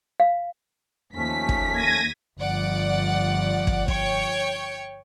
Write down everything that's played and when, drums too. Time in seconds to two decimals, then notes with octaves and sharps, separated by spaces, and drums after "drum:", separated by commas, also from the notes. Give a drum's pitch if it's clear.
0.20 F5
1.15 D#2 F3 A3 C#4 B6
1.49 drum: kick
1.73 G#6 A#6 D#7
2.40 G1 F3 D5 F#5
3.67 drum: kick
3.88 C#5 G5 C#6, drum: kick